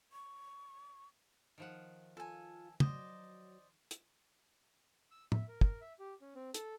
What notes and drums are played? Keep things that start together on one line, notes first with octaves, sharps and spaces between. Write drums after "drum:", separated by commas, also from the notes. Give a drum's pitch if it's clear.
C#6
D#3 F3 F#5
F4 A4 G#5
F#3 C5 D5 D#5, drum: tom
drum: hi-hat
E6
E5, drum: tom A2
A#4
A#4, drum: kick
E5
G4
C#4
C4
A4, drum: hi-hat